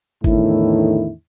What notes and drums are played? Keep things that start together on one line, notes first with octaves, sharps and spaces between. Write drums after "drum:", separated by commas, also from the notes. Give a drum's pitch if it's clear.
E2 A2 D3 D#3 E4, drum: kick G1